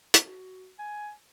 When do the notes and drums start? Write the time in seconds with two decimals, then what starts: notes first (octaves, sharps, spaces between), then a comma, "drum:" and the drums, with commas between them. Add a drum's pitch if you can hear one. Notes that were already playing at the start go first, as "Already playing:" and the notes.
0.14 drum: hi-hat
0.24 F#4
0.79 G#5